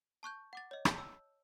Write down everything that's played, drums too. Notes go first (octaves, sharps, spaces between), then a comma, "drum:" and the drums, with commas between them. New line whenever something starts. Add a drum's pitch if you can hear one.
A5 C#6 F#6 G6
F#5 D6 A6
C#5 D#5
A5 G6, drum: rim click
E6